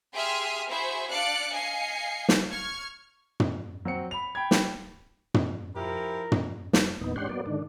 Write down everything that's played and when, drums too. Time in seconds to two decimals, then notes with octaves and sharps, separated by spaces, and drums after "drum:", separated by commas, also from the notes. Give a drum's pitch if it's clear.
0.13 G4 G#4 E5 C6 D#6 F6
0.69 E4 F#4 G#4 C5 E5
1.10 D4 D5 F5 F#6 C#7
1.52 D#5 F5 G#5 C7 C#7
2.29 drum: snare
2.51 C#6 F6 G#6
3.40 drum: tom
3.85 F#3 C4 C#7
4.11 B5 F7
4.35 G5 B5 G#6
4.51 drum: snare
5.34 drum: tom
5.76 F3 E4 G4 A#4
6.32 drum: tom
6.73 drum: snare
7.01 E2 A#2 B3 D#4
7.16 G#2 C#4 D4 G4 F#5 C6
7.29 F#3 A#3 B3 D5
7.46 G#2 D3 D#3 D4